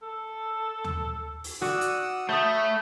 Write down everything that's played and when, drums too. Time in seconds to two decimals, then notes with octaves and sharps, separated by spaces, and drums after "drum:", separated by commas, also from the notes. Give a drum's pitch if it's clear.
0.02 A4
0.84 drum: tom D#2
1.44 drum: open hi-hat
1.61 F#4 D5 F#5 D#6 E6
1.81 drum: hi-hat
2.29 A3 C#5 A5 B5 D#6 G6